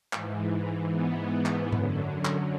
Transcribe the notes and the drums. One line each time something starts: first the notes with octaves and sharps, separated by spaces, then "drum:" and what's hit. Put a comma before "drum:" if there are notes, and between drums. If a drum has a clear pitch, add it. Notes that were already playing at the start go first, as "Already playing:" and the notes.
G#2 E3, drum: clap
G#2 E3 B3
drum: clap
F#2 D3 F#3, drum: tom G#2
drum: clap